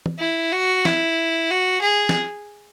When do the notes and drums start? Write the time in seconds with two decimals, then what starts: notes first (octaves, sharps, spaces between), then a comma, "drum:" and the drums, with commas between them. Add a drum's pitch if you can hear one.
0.06 drum: tom
0.19 E4
0.52 F#4
0.85 E4, drum: snare
1.51 F#4
1.82 G#4
2.09 drum: snare